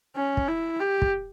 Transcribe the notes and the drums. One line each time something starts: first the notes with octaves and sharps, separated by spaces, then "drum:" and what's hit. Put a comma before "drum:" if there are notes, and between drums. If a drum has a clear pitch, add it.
C#4
drum: kick
E4
G4
drum: kick